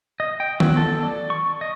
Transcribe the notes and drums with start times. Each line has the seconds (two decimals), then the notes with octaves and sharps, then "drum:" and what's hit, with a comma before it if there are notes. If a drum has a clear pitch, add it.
0.20 D#5
0.40 G5
0.60 F#3, drum: tom D#3
0.77 A4
1.03 D5
1.30 C#6
1.61 D#5